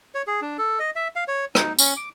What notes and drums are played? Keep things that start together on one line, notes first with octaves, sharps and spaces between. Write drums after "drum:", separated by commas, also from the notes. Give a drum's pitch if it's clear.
C#5
G#4
D4
A4
D#5
E5
F5
C#5
D#4, drum: rim click
C#4, drum: tambourine
D6